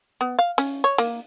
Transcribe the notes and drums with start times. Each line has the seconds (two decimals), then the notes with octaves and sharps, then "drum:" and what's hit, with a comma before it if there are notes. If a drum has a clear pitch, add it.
0.21 B3
0.39 F5
0.58 C#4, drum: hi-hat
0.84 C#5
0.98 A#3, drum: hi-hat